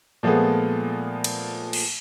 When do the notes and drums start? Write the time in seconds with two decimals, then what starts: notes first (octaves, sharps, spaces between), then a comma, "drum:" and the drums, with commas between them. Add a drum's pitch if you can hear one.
0.23 A#2 F3 G#3 A3 B3
1.24 drum: cymbal
1.73 drum: cymbal